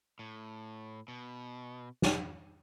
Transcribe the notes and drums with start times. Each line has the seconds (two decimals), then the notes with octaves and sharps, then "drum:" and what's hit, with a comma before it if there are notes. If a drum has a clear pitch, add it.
0.19 A2
1.08 B2
2.02 drum: snare